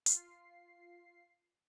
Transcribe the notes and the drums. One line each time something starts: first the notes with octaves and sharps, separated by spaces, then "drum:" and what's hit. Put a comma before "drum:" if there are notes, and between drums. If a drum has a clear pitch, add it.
F4 C7, drum: hi-hat